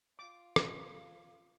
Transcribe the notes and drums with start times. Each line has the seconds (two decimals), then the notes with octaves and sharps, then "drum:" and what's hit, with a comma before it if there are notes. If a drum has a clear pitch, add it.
0.19 F4 D6
0.56 drum: rim click